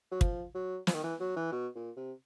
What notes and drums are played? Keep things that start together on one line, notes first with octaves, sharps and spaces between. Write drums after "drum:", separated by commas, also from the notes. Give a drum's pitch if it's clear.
F#3
F3, drum: kick
F#3
F3, drum: snare
D#3
E3
F#3
E3
B2
A#2
C3